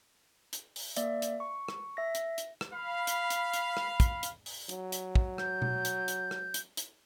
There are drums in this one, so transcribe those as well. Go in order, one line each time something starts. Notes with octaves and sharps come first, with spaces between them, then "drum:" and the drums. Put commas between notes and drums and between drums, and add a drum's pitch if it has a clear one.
drum: hi-hat
drum: open hi-hat
A#3 D5 E5, drum: hi-hat
drum: hi-hat
C#6
drum: rim click
E5 A#6
drum: hi-hat
drum: hi-hat
drum: rim click
F5 B5
drum: hi-hat
drum: hi-hat
drum: hi-hat
drum: rim click
drum: kick, hi-hat
drum: hi-hat
drum: open hi-hat
F#3, drum: hi-hat
drum: hi-hat
drum: kick
G6, drum: rim click
drum: tom B2
drum: hi-hat
drum: hi-hat
drum: rim click
drum: hi-hat
drum: hi-hat